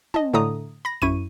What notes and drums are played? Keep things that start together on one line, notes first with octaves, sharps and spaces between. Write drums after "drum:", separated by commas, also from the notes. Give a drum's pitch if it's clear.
D#5 A5, drum: tom
A2 D3 A3 A#5 D#6
B5 A#6
F#2 E4 C#6 D#7, drum: kick